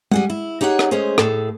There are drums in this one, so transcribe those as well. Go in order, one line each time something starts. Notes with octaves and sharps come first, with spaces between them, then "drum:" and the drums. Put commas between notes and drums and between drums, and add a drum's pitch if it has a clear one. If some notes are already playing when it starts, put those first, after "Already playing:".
G3 G#4 F#5, drum: tom G#3
E4
D#4 G4 G#4 C#5 F#5
drum: rim click
G#3 A3 C#4 G#4 C5
A2 G#4 A4, drum: rim click